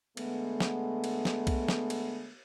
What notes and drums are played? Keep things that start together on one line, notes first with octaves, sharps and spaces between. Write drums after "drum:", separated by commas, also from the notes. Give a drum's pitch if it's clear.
D3 G#3 A3 B3, drum: cymbal
drum: snare
drum: cymbal
drum: snare
drum: kick B1, cymbal
drum: snare
drum: cymbal